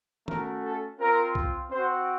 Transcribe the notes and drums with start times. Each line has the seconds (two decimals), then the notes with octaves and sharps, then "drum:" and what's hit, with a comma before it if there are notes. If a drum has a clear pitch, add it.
0.28 A3 C#4 F#4 A#4, drum: tom
0.64 A4
1.00 C4 F4 A#4
1.35 drum: kick
1.71 C4 F#4 C5